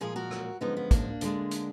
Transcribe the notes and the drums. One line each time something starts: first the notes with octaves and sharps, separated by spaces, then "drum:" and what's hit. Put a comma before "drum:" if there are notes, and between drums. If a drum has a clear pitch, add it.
A#2 F3 G#3 F4 G#4
F#4 A#4
drum: rim click
F#2 D3 F3 G#3 B3 D#4
B3
A#3 D4, drum: kick, hi-hat
D2 D3 F3 G#3, drum: hi-hat
drum: hi-hat